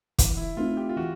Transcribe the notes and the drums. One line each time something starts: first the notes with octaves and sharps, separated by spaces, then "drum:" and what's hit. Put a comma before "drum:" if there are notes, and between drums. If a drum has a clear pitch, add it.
E3, drum: kick, hi-hat
E4
A3 C4 D#4 F4
G4
F4
E3 F#4